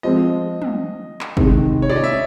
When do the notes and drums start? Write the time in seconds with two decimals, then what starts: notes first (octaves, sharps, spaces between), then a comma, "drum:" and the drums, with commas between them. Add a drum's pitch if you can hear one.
0.03 F3 G#3 C4 D#5
0.62 drum: tom
1.21 drum: clap
1.37 C3 D#3 G#3, drum: kick
1.82 C#5
1.90 D5, drum: tom
1.96 D#5
2.04 E5